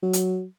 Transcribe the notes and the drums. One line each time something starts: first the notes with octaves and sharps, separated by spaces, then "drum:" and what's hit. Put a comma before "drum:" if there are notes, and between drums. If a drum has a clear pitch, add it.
F#3
drum: hi-hat